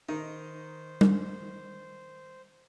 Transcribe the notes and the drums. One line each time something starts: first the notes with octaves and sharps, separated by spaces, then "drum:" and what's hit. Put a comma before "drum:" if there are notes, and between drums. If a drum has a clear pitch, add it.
D#3 D#4 C5
drum: tom G3